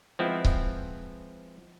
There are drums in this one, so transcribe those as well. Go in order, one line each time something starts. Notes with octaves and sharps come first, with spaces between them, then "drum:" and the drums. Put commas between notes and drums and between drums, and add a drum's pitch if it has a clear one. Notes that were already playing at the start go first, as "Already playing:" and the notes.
F3 G#3 B3 C4 E4
drum: kick C#1